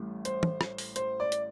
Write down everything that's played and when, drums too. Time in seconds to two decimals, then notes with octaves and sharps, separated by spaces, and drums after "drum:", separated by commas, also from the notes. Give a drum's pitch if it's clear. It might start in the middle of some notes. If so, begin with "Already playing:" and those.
Already playing: A1 A2 G3
0.25 C5, drum: hi-hat
0.43 drum: tom
0.61 drum: rim click
0.78 drum: open hi-hat
0.96 C5, drum: hi-hat
1.20 D5
1.32 drum: hi-hat